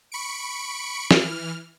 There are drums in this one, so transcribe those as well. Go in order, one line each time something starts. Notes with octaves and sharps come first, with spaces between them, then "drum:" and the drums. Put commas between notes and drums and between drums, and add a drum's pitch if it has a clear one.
B5 C#6 C#7 D7
E3 F6, drum: snare